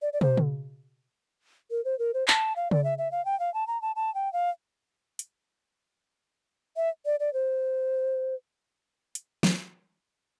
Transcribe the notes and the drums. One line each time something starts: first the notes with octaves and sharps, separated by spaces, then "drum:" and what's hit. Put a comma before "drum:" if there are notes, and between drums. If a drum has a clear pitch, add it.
D5
D5
C5, drum: tom
drum: tom C#3
A#4
C5
A#4
C5
A5, drum: clap
F5
D5, drum: tom C#3
E5
E5
F5
G5
F5
A5
A#5
A5
A5
G5
F5
drum: hi-hat
E5
D5
D5
C5
drum: hi-hat
drum: snare